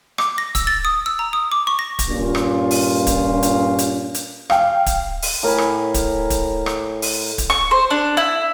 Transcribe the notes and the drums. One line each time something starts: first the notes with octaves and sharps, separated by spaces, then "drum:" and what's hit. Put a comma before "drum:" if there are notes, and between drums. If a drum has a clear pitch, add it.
D6, drum: rim click
A#6
E6, drum: kick, hi-hat
A6
D#6
E6
A#5
D#6
D6
C#6
A#6
drum: kick, hi-hat
G2 A#2 C#4 F4
drum: rim click
drum: open hi-hat
drum: kick, hi-hat
drum: hi-hat
drum: hi-hat
drum: hi-hat
F5 G5, drum: rim click
drum: kick, hi-hat
drum: open hi-hat
A2 A#4 G#5 B5
drum: rim click
drum: kick, hi-hat
drum: kick, hi-hat
drum: rim click
drum: open hi-hat
drum: kick, hi-hat
C#6
C5
D4
E4